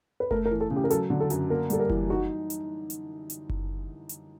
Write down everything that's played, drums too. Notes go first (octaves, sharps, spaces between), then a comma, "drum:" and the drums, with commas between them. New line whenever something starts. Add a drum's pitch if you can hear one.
B4
A3 A#4, drum: kick F#1
A#4
E3
A4
C#3
G4
A#4
F#3 A4, drum: hi-hat
D3
A4
F#2, drum: hi-hat
A#3 A#4
G3 A4, drum: hi-hat
A#4
E3, drum: kick F#1
D#4 F#4
drum: hi-hat
drum: hi-hat
drum: hi-hat
drum: kick F#1
drum: hi-hat